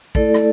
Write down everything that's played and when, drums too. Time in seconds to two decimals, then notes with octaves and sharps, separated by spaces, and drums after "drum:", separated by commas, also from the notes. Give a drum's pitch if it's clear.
0.15 A3 E4 A4 D5, drum: kick
0.34 drum: rim click